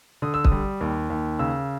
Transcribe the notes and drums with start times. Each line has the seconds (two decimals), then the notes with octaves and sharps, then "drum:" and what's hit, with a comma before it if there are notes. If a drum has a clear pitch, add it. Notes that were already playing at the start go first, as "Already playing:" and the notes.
0.22 D3 D#6
0.34 E6
0.45 D#6, drum: kick
0.52 G3
0.81 D#2
1.10 D#2
1.39 C#3 E6